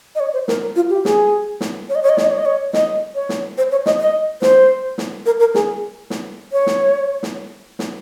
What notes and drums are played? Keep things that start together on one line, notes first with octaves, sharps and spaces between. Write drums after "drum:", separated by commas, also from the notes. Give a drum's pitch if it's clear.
D#5
C#5
C5
A#4, drum: snare
F4
G4
G#4, drum: snare
drum: snare
C#5
D#5
C#5
D#5
C#5, drum: snare
D#5
C#5
D#5
C#5
D#5, drum: snare
C#5
drum: snare
C5
C#5
D#5, drum: snare
D#5
C5, drum: snare
drum: snare
A#4
A#4
G#4, drum: snare
drum: snare
C#5
drum: snare
drum: snare
drum: snare